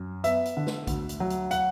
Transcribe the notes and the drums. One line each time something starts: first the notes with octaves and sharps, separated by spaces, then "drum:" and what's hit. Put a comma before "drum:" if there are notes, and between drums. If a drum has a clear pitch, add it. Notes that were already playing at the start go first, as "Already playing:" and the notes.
Already playing: F#2
B3 E5, drum: hi-hat
drum: hi-hat
D3
drum: snare
D2, drum: kick A#1, hi-hat
drum: hi-hat
F#3
drum: hi-hat
F#5, drum: hi-hat